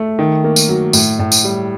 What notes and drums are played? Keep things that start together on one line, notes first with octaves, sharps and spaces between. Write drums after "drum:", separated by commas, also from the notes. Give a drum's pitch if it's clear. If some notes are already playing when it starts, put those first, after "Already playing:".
Already playing: A3
D#3
A#3
drum: tambourine
F#3
A2, drum: tambourine
A2
drum: tambourine
G3